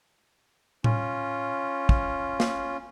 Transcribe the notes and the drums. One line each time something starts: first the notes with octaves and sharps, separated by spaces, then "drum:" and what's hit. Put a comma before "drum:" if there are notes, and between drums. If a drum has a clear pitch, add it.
C#4 F4, drum: tom A2
drum: kick
drum: snare A#3